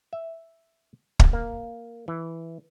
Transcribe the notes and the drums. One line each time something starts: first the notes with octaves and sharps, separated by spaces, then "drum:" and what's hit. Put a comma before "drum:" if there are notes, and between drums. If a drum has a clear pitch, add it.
E5
drum: kick
A#3
E3